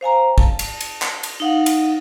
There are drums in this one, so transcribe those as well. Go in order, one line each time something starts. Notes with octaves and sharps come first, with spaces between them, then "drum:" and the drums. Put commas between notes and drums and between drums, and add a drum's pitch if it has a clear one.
C5 F5 G#5 A#5
A5, drum: kick
drum: cymbal
drum: cymbal
drum: clap
drum: cymbal
D#4 F5 F#5
drum: cymbal